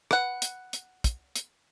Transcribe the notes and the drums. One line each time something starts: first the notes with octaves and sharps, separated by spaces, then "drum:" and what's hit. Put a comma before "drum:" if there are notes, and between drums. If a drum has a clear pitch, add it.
B4 F#5, drum: rim click
drum: hi-hat
drum: hi-hat
drum: kick, hi-hat
drum: hi-hat